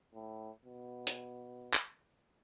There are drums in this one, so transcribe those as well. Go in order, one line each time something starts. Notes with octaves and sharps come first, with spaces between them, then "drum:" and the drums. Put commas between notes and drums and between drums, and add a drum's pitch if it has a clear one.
A2
B2
drum: hi-hat
drum: clap